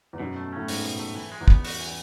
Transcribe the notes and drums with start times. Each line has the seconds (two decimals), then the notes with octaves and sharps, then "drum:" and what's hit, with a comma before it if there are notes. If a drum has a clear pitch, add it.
0.13 E2
0.20 F#2 B2
0.36 A3
0.53 A2 C#4
0.68 G#2 F#4, drum: open hi-hat
0.84 B2
0.99 A3
1.16 E3
1.32 G#3
1.41 E2
1.48 B3, drum: kick
1.64 F#4, drum: open hi-hat
1.80 E3